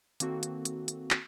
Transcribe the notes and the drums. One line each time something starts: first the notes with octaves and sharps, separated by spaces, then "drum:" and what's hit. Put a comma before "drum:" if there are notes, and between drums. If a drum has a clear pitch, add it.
D#3 A#3 C4 F#4 A4, drum: hi-hat
drum: hi-hat
drum: hi-hat
drum: hi-hat
drum: clap